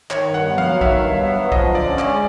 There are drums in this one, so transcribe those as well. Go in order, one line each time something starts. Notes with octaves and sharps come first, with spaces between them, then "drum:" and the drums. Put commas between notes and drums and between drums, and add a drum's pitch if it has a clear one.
D#3 C#5, drum: clap
G2
F#5
B3
F5, drum: tom F3
F#3
D#3 E5, drum: kick
G2
B3
F#3
F3 D#5, drum: kick
D3
D5
C#4
D5, drum: clap
G#3